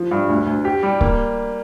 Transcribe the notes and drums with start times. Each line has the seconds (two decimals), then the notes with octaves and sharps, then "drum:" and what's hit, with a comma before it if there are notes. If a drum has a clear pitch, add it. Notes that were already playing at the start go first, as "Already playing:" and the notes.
Already playing: F3
0.11 G2
0.29 D2
0.46 D2
0.65 G4
0.83 G3
1.01 A#3, drum: kick C#1